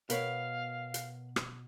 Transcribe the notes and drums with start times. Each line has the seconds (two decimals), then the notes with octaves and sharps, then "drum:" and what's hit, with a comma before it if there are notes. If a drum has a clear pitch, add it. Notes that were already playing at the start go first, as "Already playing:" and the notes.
0.10 B2 A#4 B4 C#5 F5, drum: hi-hat
0.94 drum: hi-hat
1.36 drum: rim click